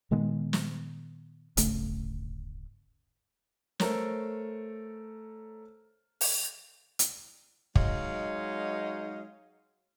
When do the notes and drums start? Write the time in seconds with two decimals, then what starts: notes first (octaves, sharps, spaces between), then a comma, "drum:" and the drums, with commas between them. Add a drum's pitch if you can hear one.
0.11 A#2 D#3 G#3 B3
0.53 drum: snare
1.57 D1 G1 C#3 A3, drum: hi-hat
3.80 A3 A4 A#4 C5 C#5, drum: snare
6.21 drum: open hi-hat
6.99 drum: hi-hat
7.75 F#3 G#3 D#4 C#5 D#5 F5, drum: kick